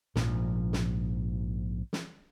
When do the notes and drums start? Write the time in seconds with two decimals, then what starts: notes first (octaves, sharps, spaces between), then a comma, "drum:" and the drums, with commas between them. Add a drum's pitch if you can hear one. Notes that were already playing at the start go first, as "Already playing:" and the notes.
0.16 A#1 G#2 F3, drum: snare
0.73 drum: snare
1.93 drum: snare